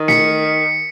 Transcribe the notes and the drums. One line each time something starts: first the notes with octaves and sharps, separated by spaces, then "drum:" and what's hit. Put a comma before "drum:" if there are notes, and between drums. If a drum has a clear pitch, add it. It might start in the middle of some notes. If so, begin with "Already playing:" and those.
Already playing: D#3
B6 C#7, drum: snare